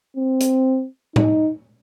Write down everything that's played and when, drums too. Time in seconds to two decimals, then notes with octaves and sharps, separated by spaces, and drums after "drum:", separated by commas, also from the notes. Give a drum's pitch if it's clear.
0.17 C4
0.40 drum: hi-hat
1.16 D#4, drum: tom A2